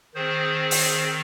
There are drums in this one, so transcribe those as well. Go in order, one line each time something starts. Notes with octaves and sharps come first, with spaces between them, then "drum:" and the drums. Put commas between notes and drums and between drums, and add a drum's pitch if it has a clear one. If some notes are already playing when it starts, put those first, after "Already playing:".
D#3 C4 G#4 C5
drum: open hi-hat